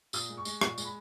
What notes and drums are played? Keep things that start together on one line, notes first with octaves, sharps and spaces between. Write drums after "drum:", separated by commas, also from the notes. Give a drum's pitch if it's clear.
A#2 D#6, drum: tambourine
G#3
C#6
G#3, drum: tambourine
A#2 C#6, drum: rim click
G#3, drum: tambourine
B5